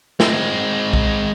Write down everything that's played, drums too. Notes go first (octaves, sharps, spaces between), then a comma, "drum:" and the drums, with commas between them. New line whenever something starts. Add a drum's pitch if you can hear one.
G#3 C4, drum: snare
drum: kick B1